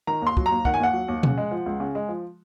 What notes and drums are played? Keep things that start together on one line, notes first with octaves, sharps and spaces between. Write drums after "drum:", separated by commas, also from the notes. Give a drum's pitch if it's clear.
D#3 A#5
D#2
C6
F#3, drum: kick
D#2 A#5
D#3 F#5, drum: kick
G#5
D#2 F#5
F#3
D#2
C#3, drum: tom B2
G#3
F3
C#2
C#3
G#3
F3